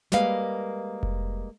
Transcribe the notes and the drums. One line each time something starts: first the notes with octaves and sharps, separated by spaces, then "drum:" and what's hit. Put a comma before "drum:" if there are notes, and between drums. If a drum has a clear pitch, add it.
G3 G#3 A#3 B4 F5, drum: snare
drum: kick F1